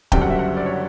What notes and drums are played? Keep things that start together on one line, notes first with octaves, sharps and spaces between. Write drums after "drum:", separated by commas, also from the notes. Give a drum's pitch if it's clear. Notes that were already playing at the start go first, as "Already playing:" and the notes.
F#1 F#2 D3 G3 G5, drum: kick
F#5
E5
F#5
E5
D5
C#5